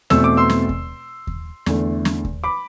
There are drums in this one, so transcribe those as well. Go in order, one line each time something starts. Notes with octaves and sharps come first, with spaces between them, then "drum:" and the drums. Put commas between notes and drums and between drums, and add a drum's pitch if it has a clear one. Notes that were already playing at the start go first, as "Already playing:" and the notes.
E2 B2 A3 C4 E6, drum: snare
D6
C6 E6
drum: snare
drum: kick D#2
drum: kick D#2
E2 D3 A3, drum: snare
drum: snare
drum: kick D#2
B5 D6